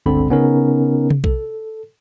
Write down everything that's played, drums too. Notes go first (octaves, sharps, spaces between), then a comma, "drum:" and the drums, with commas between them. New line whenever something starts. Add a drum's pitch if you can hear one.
G1 C#2 D3 C4 B5
C#3 B3 C#4 D#4 A#4
drum: tom C3
A4, drum: kick B1